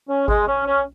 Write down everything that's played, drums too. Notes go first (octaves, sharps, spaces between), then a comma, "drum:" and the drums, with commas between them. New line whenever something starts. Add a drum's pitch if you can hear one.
C#4
G#3, drum: kick G#1
C#4
C#4